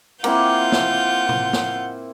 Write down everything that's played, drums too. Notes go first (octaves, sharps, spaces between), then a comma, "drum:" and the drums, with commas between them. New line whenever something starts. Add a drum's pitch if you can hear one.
A#3 C4 E4 F4 F#5 G6, drum: cymbal
drum: snare
drum: tom A2
drum: snare